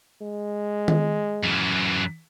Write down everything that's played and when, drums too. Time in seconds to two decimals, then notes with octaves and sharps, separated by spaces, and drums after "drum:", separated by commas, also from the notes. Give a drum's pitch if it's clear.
0.21 G#3
0.88 drum: tom D#3
1.44 F#2 E3